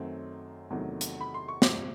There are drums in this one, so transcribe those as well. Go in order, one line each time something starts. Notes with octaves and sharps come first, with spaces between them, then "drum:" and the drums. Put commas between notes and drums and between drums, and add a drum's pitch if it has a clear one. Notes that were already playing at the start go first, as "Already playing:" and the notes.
Already playing: F#2 D#3 F#3 A3 C4
E2 C3 D#3 F#3 A3
drum: hi-hat
B5
C6
C#6
C3 F3 G#3 C4 D6, drum: snare